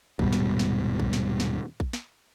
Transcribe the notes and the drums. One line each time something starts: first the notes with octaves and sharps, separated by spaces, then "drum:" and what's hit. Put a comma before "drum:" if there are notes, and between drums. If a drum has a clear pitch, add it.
D#1 G#2 B2 G3, drum: kick A#1
drum: snare
drum: snare
drum: kick A#1
drum: snare
drum: snare
drum: kick A#1
drum: snare